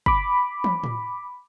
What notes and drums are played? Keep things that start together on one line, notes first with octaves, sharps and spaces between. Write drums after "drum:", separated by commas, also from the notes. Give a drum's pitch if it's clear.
B5 D6, drum: kick
drum: tom
drum: tom A2